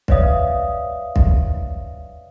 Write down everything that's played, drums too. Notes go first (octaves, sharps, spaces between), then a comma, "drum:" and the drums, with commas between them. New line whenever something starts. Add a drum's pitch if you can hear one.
B4 C#5 D5 E5 F5 D#6, drum: kick
drum: kick